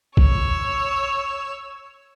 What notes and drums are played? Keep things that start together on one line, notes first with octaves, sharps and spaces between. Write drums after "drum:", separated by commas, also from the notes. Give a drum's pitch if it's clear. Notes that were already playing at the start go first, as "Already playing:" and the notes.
C#5 E6, drum: kick